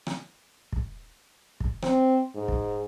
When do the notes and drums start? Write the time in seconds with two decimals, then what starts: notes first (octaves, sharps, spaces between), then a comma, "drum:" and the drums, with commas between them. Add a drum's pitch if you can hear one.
0.07 drum: rim click
0.72 drum: kick
1.60 drum: kick
1.82 C4, drum: rim click
2.35 G#2
2.48 drum: kick